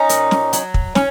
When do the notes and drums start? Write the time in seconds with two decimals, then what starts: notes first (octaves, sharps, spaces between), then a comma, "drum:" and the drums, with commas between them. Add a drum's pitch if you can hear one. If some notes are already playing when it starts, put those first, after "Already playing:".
Already playing: C#4 D#4
0.09 A#2, drum: hi-hat
0.31 drum: snare
0.53 F#3, drum: hi-hat
0.74 drum: kick
0.95 C#4, drum: snare